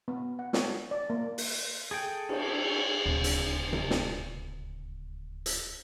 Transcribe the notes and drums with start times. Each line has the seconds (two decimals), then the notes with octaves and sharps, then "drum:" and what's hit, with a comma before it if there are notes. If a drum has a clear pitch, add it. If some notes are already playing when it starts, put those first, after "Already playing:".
0.08 B3
0.39 F#5
0.53 C#5, drum: snare
0.91 D5
1.10 A#3
1.38 drum: open hi-hat
1.91 G#4 A4 G5
2.29 drum: cymbal
3.06 D1 C#2
3.24 drum: hi-hat
3.73 drum: tom C3
3.90 drum: snare
5.46 drum: hi-hat